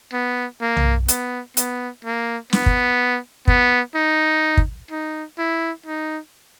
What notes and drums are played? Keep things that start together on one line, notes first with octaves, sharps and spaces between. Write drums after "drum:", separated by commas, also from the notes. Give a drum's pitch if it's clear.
B3
A#3
drum: tom B1
B3, drum: hi-hat
B3, drum: hi-hat
A#3
B3, drum: snare
drum: kick
B3, drum: kick
D#4
drum: kick
D#4
E4
D#4